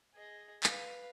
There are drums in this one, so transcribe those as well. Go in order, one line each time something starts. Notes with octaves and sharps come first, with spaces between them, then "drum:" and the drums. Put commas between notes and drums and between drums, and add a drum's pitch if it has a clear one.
G#4 D#5
B4 F5, drum: clap